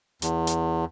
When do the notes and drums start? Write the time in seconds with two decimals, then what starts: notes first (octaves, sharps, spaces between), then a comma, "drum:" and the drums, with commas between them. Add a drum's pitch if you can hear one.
0.22 E2, drum: hi-hat
0.47 drum: hi-hat